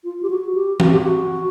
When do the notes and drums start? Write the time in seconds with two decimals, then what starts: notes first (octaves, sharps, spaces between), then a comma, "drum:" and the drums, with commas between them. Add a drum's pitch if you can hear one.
0.04 F4
0.22 G4
0.30 F#4
0.55 G4
0.80 F#4, drum: tom E3
0.90 G4
1.01 F#4